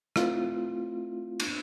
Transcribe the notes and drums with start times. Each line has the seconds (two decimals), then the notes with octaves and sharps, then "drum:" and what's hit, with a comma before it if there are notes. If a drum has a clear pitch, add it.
0.16 A3 C4 E4 F4, drum: rim click
1.40 drum: cymbal